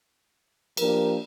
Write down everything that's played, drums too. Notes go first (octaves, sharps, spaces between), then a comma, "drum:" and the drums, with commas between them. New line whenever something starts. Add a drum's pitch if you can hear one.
F3 A#3 D4 G4 A#4, drum: cymbal